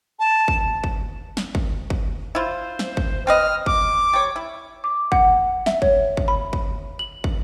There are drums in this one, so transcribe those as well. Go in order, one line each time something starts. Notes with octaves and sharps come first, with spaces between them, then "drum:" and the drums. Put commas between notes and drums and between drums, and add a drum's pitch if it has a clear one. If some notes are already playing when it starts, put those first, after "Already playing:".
A5
drum: kick
drum: kick
drum: snare
drum: kick
drum: kick
E4 F4 C5
drum: snare
drum: kick
C4 B4 D#5 F6
D6, drum: kick
G3 C#5
E4
D6
F#5, drum: kick
E5, drum: snare
C#5, drum: kick
drum: kick
B5
drum: kick
F#7
drum: kick